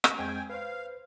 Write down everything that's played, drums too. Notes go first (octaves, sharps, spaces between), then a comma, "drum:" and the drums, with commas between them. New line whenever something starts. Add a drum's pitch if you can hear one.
drum: rim click
F2 G#3 C4 G5 G#5
B4 C5 F5